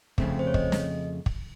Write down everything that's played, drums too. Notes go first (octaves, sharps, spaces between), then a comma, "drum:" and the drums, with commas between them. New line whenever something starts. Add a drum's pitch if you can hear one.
F2 C#3 A3 C4, drum: kick
C5
C#5
D#5, drum: kick
drum: snare
drum: kick